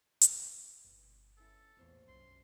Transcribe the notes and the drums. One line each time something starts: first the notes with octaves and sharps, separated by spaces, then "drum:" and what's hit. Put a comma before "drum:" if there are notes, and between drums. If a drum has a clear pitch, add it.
drum: hi-hat
G1 B2 D#4
E2 C#4 E4 A4
A#1 E2 A2 F4 C5 C#5
B1 F#2 C6